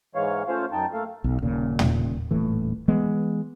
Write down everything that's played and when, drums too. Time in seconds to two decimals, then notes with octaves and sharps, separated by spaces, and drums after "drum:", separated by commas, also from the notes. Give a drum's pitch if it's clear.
0.15 G#2 E3 G#3 C#5 F5
0.48 A3 C#4 F4 C5 F5
0.72 F#2 D#4 G5 A5
0.93 A3 A#3 A4 F5
1.24 B1
1.42 D#1 A#2 C#3
1.79 drum: tom
2.31 D#1 A2 E3
2.88 E3 G#3 B3